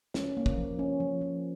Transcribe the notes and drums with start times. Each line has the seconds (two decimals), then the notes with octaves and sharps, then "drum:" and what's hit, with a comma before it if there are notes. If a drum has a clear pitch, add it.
0.14 C#4, drum: snare
0.37 A#3
0.46 drum: kick
0.58 F3
0.79 C#4
1.00 F3
1.21 F3